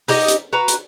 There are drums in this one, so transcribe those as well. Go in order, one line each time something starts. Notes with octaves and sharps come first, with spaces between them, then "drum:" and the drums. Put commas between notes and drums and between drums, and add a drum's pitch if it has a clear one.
D#4 G4 D#5, drum: open hi-hat
drum: hi-hat
F#4 B4 A#5
drum: hi-hat